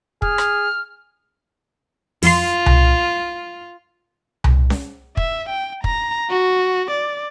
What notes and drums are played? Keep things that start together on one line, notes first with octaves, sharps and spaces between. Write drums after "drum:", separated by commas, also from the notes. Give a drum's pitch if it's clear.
G#4 F6, drum: kick
drum: rim click
F2 F4 C6, drum: open hi-hat
drum: tom C2
drum: tom C2
drum: snare C#4
E5, drum: kick
G5
A#5, drum: kick
F#4
D5